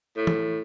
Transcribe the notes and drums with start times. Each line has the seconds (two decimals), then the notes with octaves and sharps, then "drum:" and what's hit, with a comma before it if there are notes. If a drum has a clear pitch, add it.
0.17 A2
0.27 drum: tom